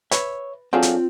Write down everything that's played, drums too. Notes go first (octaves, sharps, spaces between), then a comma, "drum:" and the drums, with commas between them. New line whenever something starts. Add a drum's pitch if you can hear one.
B4 C#5 E5, drum: hi-hat
F#3 C4 D4 F4 G#4 A4 F5 G5
drum: hi-hat